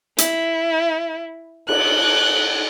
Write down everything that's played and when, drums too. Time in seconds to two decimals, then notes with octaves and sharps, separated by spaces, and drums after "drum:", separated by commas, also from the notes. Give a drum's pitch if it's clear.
0.18 E4, drum: hi-hat
1.69 F#6, drum: cymbal